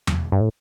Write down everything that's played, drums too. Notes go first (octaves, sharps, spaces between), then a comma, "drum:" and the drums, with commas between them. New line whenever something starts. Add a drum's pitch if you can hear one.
drum: tom E2
G2
A2